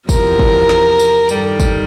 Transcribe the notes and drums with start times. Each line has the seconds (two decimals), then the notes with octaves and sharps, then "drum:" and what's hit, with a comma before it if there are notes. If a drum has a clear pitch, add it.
0.09 E2 C3 F3 A#4, drum: kick, tambourine
0.39 drum: kick
0.69 drum: snare
0.99 drum: tambourine
1.29 G2 D#3 G3 A4, drum: tambourine
1.60 drum: kick, tambourine